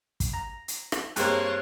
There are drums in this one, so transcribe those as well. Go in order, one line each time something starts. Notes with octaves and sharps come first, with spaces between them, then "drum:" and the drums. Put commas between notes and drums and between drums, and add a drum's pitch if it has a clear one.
drum: kick, hi-hat
A#5
drum: hi-hat
drum: rim click
G2 G#3 A#3 C4 C#5, drum: hi-hat